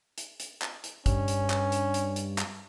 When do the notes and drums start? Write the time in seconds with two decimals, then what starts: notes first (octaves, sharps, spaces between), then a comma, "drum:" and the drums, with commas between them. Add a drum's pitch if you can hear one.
0.18 drum: hi-hat
0.40 drum: hi-hat
0.62 drum: clap
0.84 drum: hi-hat
1.06 G2 C#4, drum: kick, hi-hat
1.28 drum: hi-hat
1.50 drum: clap
1.72 drum: hi-hat
1.94 drum: hi-hat
2.16 drum: hi-hat
2.38 drum: clap